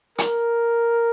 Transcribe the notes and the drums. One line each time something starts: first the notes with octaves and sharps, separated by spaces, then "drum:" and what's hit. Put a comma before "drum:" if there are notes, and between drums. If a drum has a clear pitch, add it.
A#4, drum: hi-hat